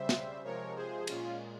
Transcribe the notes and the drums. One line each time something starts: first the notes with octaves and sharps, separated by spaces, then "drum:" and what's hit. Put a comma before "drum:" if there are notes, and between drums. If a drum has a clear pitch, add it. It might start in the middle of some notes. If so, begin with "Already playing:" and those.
Already playing: C#3 G3 C5 E5
drum: snare
C3 F3 G#3 A#4 C#5
G#4 C5
A#2 G#3 C#4 F4, drum: cymbal